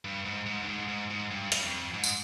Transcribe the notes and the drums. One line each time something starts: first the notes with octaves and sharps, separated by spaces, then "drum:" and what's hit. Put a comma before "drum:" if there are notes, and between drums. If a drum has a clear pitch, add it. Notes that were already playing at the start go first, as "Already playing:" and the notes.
G2
G#2
G#2
G2
G#2
G#2
G#2
G2
G2, drum: hi-hat
F2
G#2
drum: tambourine